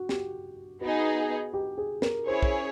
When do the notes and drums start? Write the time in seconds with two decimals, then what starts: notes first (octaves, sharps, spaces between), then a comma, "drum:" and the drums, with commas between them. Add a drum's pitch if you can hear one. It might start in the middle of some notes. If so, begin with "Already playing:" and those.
Already playing: F#4
0.09 G4, drum: snare
0.81 B3 D#4 F#4 G#4
1.54 G4
1.78 G#4
2.02 A#4, drum: snare
2.27 C#4 E4 G#4 C5 C#5
2.42 drum: kick